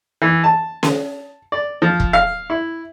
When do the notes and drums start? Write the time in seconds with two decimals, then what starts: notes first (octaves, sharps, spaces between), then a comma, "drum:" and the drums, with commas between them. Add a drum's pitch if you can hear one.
0.22 E3
0.44 A5
0.83 drum: snare C#4
1.52 D5
1.82 F3
2.00 drum: kick
2.13 F5
2.50 E4